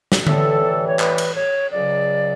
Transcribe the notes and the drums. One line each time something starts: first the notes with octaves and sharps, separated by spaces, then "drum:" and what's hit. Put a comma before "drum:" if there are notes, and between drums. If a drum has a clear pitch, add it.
drum: snare
A2 E3 G3 A4, drum: tom D3
C#5
B4, drum: clap
drum: cymbal
C#5
C#2 C#3 F#3 D5